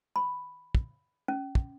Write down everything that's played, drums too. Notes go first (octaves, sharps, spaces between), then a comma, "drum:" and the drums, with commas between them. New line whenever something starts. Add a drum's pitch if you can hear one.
B5
drum: kick
C#4
drum: kick